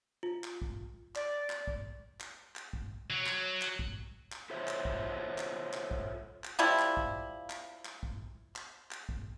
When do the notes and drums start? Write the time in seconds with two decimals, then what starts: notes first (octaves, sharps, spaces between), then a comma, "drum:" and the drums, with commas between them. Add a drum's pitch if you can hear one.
0.23 F4
0.44 drum: clap
0.62 drum: kick
1.16 D5, drum: clap
1.50 drum: clap
1.68 drum: kick
2.20 drum: clap
2.56 drum: clap
2.73 drum: kick
3.11 F#3
3.26 drum: clap
3.62 drum: clap
3.79 drum: kick
4.32 drum: clap
4.50 F4 A4 C5 C#5 E5
4.68 drum: clap
4.85 drum: kick
5.38 drum: clap
5.73 drum: clap
5.91 drum: kick
6.44 drum: clap
6.59 F3 G3 E4
6.79 drum: clap
6.97 drum: kick
7.50 drum: clap
7.85 drum: clap
8.03 drum: kick
8.56 drum: clap
8.91 drum: clap
9.09 drum: kick